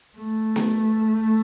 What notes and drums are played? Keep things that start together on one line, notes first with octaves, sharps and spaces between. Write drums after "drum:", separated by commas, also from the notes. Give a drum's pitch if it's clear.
A3
drum: snare B3